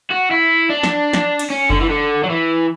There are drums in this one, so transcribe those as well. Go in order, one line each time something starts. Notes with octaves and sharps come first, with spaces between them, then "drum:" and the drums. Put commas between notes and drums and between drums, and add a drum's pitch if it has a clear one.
F#4
E4
D4
drum: snare
drum: snare
drum: cymbal
C#4
D3, drum: kick F#1
E3
D3
F#3
E3